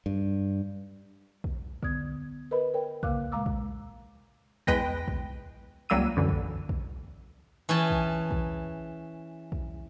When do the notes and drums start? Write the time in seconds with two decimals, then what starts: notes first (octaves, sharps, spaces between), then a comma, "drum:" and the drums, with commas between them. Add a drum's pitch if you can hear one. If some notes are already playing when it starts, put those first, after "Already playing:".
0.06 G2
1.44 drum: kick
1.83 D3 B3 D#6 G#6, drum: kick
2.51 A#4 B4 D#5 B5
2.74 A#4 C#5 G5
3.03 D#2 C#3 A#3 F5 D6 F#6, drum: kick
3.32 A#2 G#3 F5 A#5 D6 E6
3.46 drum: kick
4.67 E2 G#3 B4 G5 A#6, drum: kick
5.08 drum: kick
5.89 C#2 F#3 G3 A#3 E6 D#7
6.17 F#2 D3 E3
6.29 drum: kick
6.69 drum: kick
7.69 E3 C#4 G#4 G5 A5
7.90 drum: kick
8.31 drum: kick
9.52 drum: kick